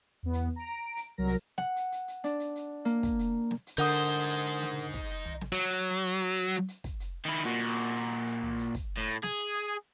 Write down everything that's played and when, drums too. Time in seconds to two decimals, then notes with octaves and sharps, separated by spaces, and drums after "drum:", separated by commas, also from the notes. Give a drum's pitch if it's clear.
0.23 E2 B3
0.33 drum: hi-hat
0.56 A#5 D7
0.97 drum: hi-hat
1.18 C2 F#3 A#4 A#6
1.29 drum: hi-hat
1.58 F#5, drum: snare
1.76 drum: hi-hat
1.92 drum: hi-hat
2.08 drum: hi-hat
2.24 D4, drum: hi-hat
2.40 drum: hi-hat
2.56 drum: hi-hat
2.85 A#3, drum: hi-hat
3.03 drum: kick, hi-hat
3.19 drum: hi-hat
3.51 drum: snare
3.67 drum: hi-hat
3.78 D3 D#4 A#4 C5 F#5 D#6
3.98 drum: hi-hat
4.14 drum: hi-hat
4.46 drum: hi-hat
4.62 drum: tom C#3
4.78 drum: hi-hat
4.94 drum: kick, hi-hat
5.10 drum: hi-hat
5.25 drum: tom
5.41 drum: snare
5.52 F#3
5.73 drum: hi-hat
5.89 drum: hi-hat
6.05 drum: hi-hat
6.21 drum: hi-hat
6.37 drum: hi-hat
6.68 drum: hi-hat
6.84 drum: kick, hi-hat
7.00 drum: hi-hat
7.25 D#3 E4
7.45 A#2 F#4, drum: hi-hat
7.64 drum: hi-hat
7.79 drum: hi-hat
7.95 drum: hi-hat
8.11 drum: hi-hat
8.27 drum: hi-hat
8.43 drum: tom
8.59 drum: hi-hat
8.75 drum: kick, hi-hat
8.97 A2
9.24 G#4, drum: snare
9.38 drum: hi-hat
9.54 drum: hi-hat